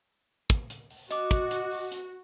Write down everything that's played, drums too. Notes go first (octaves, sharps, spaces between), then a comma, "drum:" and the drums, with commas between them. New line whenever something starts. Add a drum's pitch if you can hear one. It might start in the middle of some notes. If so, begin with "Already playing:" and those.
drum: kick, hi-hat
drum: hi-hat
drum: open hi-hat
F#4 D#5 D6, drum: hi-hat
drum: kick, hi-hat
drum: hi-hat
drum: open hi-hat
drum: hi-hat